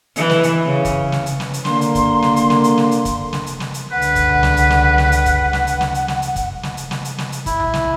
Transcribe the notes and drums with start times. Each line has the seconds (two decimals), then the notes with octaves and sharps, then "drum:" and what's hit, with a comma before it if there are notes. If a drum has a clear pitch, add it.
0.16 E3, drum: hi-hat
0.30 drum: snare
0.43 drum: hi-hat
0.65 C#3
0.85 drum: kick, hi-hat
1.12 drum: snare
1.26 drum: hi-hat
1.40 drum: snare
1.54 drum: hi-hat
1.65 D3 A#3 C6, drum: snare
1.81 drum: hi-hat
1.95 drum: kick, hi-hat
2.22 drum: snare
2.36 drum: hi-hat
2.50 drum: snare
2.64 drum: hi-hat
2.78 drum: snare
2.91 drum: hi-hat
3.05 drum: kick, hi-hat
3.33 drum: snare
3.46 drum: hi-hat
3.60 drum: snare
3.74 drum: hi-hat
3.91 C#2 D3 B4 F#5
4.02 drum: hi-hat
4.15 drum: kick, hi-hat
4.29 drum: tom B1
4.43 drum: snare
4.57 drum: hi-hat
4.70 drum: snare
4.98 drum: snare
5.12 drum: hi-hat
5.26 drum: kick, hi-hat
5.53 drum: snare
5.67 drum: hi-hat
5.81 drum: snare
5.94 drum: hi-hat
6.08 drum: snare
6.22 drum: hi-hat
6.36 drum: kick, hi-hat
6.63 drum: snare
6.77 drum: hi-hat
6.91 drum: snare
7.05 drum: hi-hat
7.18 drum: snare
7.32 drum: hi-hat
7.46 E4, drum: kick, hi-hat
7.60 drum: tom B1
7.74 drum: snare